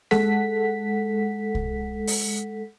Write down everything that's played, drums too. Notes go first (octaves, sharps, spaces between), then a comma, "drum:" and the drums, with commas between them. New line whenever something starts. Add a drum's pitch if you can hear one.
G#3 A4 F#5 B6, drum: snare A#3
drum: kick C2
drum: open hi-hat